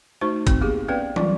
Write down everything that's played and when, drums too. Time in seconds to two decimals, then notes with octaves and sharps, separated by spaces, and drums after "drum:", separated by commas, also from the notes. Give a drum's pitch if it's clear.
0.21 A3 D#4 F#4 C5 C#6
0.47 C4, drum: kick, hi-hat
0.61 A#3 B3 G4 G#4
0.88 B3 C#4 B4 D5 G5
1.16 F#3 G3 F4 D5, drum: tom